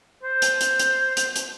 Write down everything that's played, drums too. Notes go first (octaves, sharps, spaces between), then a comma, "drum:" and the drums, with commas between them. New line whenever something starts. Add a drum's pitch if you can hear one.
C5
drum: hi-hat
drum: hi-hat
drum: hi-hat
drum: hi-hat
drum: hi-hat